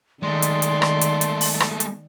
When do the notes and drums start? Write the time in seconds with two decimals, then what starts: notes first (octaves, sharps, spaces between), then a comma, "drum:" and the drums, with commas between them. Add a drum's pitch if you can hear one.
0.23 D#3 G#3 A3 D5 C6
0.42 drum: hi-hat
0.62 drum: hi-hat
0.82 drum: rim click
1.01 drum: hi-hat
1.21 drum: hi-hat
1.41 drum: open hi-hat
1.60 drum: rim click
1.80 drum: hi-hat